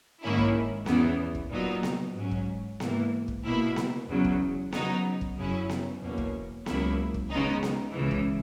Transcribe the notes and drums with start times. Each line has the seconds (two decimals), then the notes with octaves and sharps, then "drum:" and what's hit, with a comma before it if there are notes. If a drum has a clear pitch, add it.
0.22 G#2 D#3 A#3 C#4 E4
0.38 drum: kick
0.86 E2 C#3 E3 B3, drum: snare B3
1.35 drum: kick
1.51 A#2 F#3 B3 D#4
1.83 drum: snare B3
2.16 G#2 F#3 C#4
2.31 drum: kick
2.80 G#2 E3 A#3, drum: snare B3
3.28 drum: kick
3.44 B2 A#3 E4
3.76 drum: snare B3
4.09 E2 C#3 F#3
4.25 drum: kick
4.73 C#3 F#3 B3 D#4, drum: snare B3
5.21 drum: kick
5.37 F#2 C#3 F#3 C#4 E4
5.69 drum: snare B3
6.01 E2 B2 A#3 C#4
6.18 drum: kick
6.66 C#2 C#3 F#3 A#3 E4, drum: snare B3
7.14 drum: kick
7.30 C#3 G#3 B3 D#4
7.63 drum: snare B3
7.95 C#2 C#3 E3
8.11 drum: kick